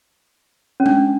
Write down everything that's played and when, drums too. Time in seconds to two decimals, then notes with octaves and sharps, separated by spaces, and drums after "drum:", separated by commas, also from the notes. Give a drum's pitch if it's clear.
0.80 C#4
0.86 D4, drum: tom G#3